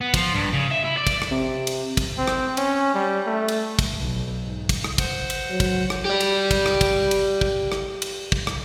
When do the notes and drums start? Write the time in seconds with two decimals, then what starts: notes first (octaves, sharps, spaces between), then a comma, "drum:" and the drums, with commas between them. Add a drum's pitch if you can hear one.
0.01 B3
0.14 F3, drum: kick, cymbal
0.34 G2
0.53 C#3
0.71 E5
0.84 E4
0.97 D5
1.07 drum: kick, cymbal
1.22 drum: rim click
1.31 C3
1.67 drum: cymbal
1.97 drum: kick, cymbal
2.18 C4
2.27 drum: rim click
2.57 C#4, drum: cymbal
2.94 G3
3.26 A3
3.48 drum: cymbal
3.79 drum: kick, cymbal
4.00 B1
4.42 G#2
4.69 drum: kick, cymbal
4.84 drum: rim click
4.98 C5 F#5, drum: kick, cymbal
5.30 drum: cymbal
5.50 F#3
5.60 drum: kick, cymbal
5.90 drum: rim click
6.05 G4 D5
6.20 drum: cymbal
6.51 drum: kick, cymbal
6.66 drum: rim click
6.81 drum: kick, cymbal
7.11 drum: cymbal
7.41 drum: kick
7.72 drum: rim click
8.02 drum: cymbal
8.32 drum: kick
8.47 drum: rim click